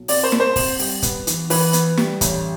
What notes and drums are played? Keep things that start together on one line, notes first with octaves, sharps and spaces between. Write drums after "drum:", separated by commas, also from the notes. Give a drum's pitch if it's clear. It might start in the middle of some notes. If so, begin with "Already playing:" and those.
Already playing: B1
C3 D5, drum: open hi-hat
C5
C3, drum: snare
C5
C3, drum: kick, open hi-hat
G3, drum: open hi-hat
B3, drum: kick, hi-hat
E3, drum: hi-hat
E3 B4, drum: open hi-hat
B3, drum: hi-hat
G3, drum: snare
A1, drum: kick, hi-hat